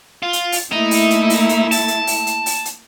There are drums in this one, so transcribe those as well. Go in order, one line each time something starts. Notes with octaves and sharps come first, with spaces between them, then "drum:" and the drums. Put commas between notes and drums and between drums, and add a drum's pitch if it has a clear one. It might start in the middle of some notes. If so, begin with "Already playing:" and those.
F4
drum: hi-hat
drum: open hi-hat
A3 A#3 D#4 E4
drum: open hi-hat
drum: hi-hat
drum: open hi-hat
drum: hi-hat
A5, drum: open hi-hat
drum: hi-hat
drum: open hi-hat
drum: hi-hat
drum: open hi-hat
drum: hi-hat